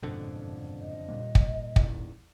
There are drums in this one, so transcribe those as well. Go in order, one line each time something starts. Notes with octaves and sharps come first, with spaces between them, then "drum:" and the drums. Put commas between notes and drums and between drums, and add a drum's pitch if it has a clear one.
F#1 F2 G#2 B2 D3
D#5
A#2 G3 A#3
drum: kick
D#1 G#1 E2, drum: kick